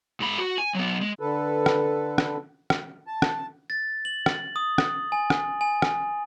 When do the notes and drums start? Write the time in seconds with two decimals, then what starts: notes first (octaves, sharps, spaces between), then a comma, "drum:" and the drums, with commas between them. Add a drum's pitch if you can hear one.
0.20 G#2 B5
0.38 F#4
0.58 G#5
0.75 F#3 B3
1.01 G#3
1.19 D3 A4 B4
1.66 drum: rim click
2.18 drum: rim click
2.70 drum: rim click
3.07 A5
3.22 drum: rim click
3.70 A6
4.05 F#7
4.26 drum: rim click
4.56 D#6
4.78 drum: rim click
5.12 G#5
5.30 drum: rim click
5.61 G#5
5.82 drum: rim click